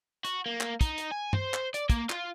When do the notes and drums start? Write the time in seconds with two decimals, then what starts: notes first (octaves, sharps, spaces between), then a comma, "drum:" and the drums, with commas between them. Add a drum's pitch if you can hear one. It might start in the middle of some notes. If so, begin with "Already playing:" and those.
0.25 F#4, drum: hi-hat
0.46 A#3
0.60 drum: clap
0.81 D#4, drum: kick, hi-hat
0.98 drum: hi-hat
1.11 G#5
1.33 C5, drum: tom
1.54 drum: clap
1.74 D5, drum: hi-hat
1.90 A#3, drum: kick, hi-hat
2.10 F4, drum: clap